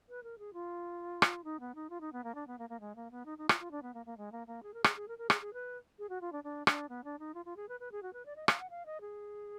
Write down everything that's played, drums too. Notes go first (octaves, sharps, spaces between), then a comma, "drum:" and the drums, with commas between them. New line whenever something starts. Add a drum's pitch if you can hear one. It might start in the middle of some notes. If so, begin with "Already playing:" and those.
B4
A#4
G#4
F4
drum: rim click
D#4
B3
D#4
F4
D#4
B3
A#3
D4
B3
A#3
A#3
G#3
A#3
B3
D#4
D#4
F4, drum: rim click
F4
D4
B3
A#3
A#3
G#3
A#3
A#3
G#4
A#4
G#4, drum: rim click
G#4
A#4
A#4
G#4, drum: rim click
G#4
B4
G#4
F#4
F4
D4
D4
D4, drum: rim click
B3
D4
D#4
F4
F4
G#4
B4
B4
G#4
F#4
B4
D5
D#5
F5, drum: rim click
F#5
F5
D#5
G#4